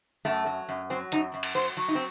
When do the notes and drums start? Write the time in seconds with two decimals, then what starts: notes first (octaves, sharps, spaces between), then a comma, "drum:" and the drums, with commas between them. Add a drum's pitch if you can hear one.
0.25 F#2 A3
0.46 F#3
0.69 F#2
0.90 F#3 C4
1.12 F#2 D#4, drum: hi-hat
1.34 F#2
1.43 drum: cymbal
1.55 F#3 C5
1.77 F#3
1.88 D#4
1.95 C4